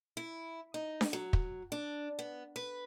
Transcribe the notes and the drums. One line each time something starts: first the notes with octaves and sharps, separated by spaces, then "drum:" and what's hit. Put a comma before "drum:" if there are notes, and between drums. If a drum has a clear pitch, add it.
E4
D#4
drum: snare D4
F#3
drum: kick
D4
B3
B4